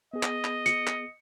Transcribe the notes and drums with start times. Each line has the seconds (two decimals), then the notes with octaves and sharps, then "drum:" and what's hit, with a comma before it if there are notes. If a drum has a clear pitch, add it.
0.14 B3 G#4 D#5
0.23 drum: clap
0.44 drum: clap
0.66 C#7, drum: hi-hat
0.87 drum: clap